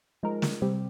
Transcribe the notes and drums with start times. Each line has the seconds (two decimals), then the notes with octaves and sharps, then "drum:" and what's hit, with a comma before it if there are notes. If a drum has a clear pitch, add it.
0.23 F3 G#3 D#4 A#4
0.42 drum: snare
0.62 C3 G3 C4 G4